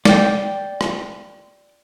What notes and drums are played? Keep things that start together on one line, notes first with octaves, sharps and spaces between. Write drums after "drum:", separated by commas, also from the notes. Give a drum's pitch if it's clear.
D5 G5, drum: snare
drum: rim click